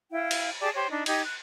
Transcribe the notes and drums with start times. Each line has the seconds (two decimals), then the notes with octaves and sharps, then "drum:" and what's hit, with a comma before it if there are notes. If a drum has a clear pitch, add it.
0.12 E4 F5 G5
0.31 drum: cymbal
0.60 G4 G#4 D5 A5
0.75 G4 C5 C#5
0.90 D4 D#4
1.06 D#4 G4 D#5 G#6, drum: cymbal
1.23 F#6